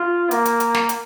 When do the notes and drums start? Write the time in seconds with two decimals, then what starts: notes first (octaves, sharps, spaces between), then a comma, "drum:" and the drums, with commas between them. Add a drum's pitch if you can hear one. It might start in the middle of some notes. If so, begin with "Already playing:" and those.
Already playing: F4
0.31 A#3, drum: hi-hat
0.45 drum: hi-hat
0.60 drum: hi-hat
0.75 drum: snare
0.89 drum: hi-hat